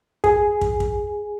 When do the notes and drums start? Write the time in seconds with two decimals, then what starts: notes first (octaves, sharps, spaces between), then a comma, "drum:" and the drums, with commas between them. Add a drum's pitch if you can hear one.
0.24 G#4, drum: kick
0.61 drum: kick
0.80 drum: kick